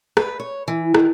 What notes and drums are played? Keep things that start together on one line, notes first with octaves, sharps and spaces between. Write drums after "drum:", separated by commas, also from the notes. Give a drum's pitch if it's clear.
B4, drum: rim click
C#5
E3
D#3, drum: rim click